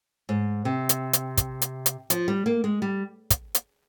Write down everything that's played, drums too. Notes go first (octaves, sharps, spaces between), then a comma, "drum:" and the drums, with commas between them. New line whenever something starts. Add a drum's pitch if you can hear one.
G#2
C3
drum: hi-hat
drum: hi-hat
drum: kick, hi-hat
drum: hi-hat
drum: hi-hat
F3, drum: hi-hat
G3
A#3
G#3
G3
drum: kick, hi-hat
drum: hi-hat